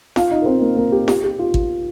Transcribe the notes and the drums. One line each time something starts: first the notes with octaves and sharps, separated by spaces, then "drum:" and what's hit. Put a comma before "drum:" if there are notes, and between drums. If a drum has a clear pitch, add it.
F4 F5, drum: snare F4
D#4 D#5
A#4
C4 C5
A#3 A#4
A#3 A#4
G4
G4, drum: snare F4
G4
F4
drum: kick